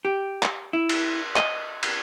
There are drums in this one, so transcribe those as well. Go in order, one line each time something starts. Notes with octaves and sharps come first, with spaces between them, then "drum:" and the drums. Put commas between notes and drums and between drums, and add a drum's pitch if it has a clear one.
G4
drum: clap
E4
drum: cymbal
D#5, drum: clap
drum: cymbal